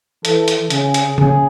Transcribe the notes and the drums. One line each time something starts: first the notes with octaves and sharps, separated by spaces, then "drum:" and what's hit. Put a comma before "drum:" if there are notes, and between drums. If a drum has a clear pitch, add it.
E3 A4, drum: hi-hat
drum: hi-hat
C#3 G#4, drum: hi-hat
drum: hi-hat
C#3 G#4, drum: tom C#3